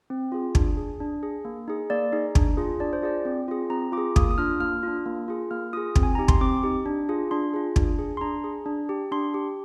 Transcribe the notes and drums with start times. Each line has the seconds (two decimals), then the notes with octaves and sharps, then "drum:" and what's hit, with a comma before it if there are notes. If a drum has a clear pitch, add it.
0.10 C4
0.32 F4 G#4
0.55 D4, drum: kick
0.77 G#4
1.00 D4
1.23 G#4
1.45 A#3
1.68 D#4 G#4
1.90 A#3 D5
2.13 D#4 G#4
2.35 D4, drum: kick
2.57 F4 G#4
2.80 D4 D5
2.93 C5
3.02 F4 G#4 D5
3.25 C4
3.48 F4 G#4
3.70 C4 A#5
3.92 F4 D6
3.98 G#4
4.16 A#3 D#6, drum: kick
4.31 D#6
4.38 D4 F4 F6
4.60 A#3 F6
4.83 D4 F4
5.06 A#3
5.28 F4 G#4
5.51 A#3 F6
5.73 F4 G#4 D#6
5.95 C4, drum: kick
6.03 G#5
6.15 D#4 G4 A#5
6.28 C6, drum: kick
6.41 C4 D6
6.63 D#4 G4
6.86 D4
7.09 F4 G#4
7.31 D4 C6
7.54 F4 G#4
7.76 D4, drum: kick
7.99 G#4
8.17 C6
8.21 D4 A#5
8.44 G#4
8.66 D4
8.89 G4
9.12 D4 C6
9.34 G4